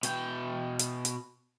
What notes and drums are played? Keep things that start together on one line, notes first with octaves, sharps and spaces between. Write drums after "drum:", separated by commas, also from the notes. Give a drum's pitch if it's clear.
B2 G5, drum: hi-hat
drum: hi-hat
drum: hi-hat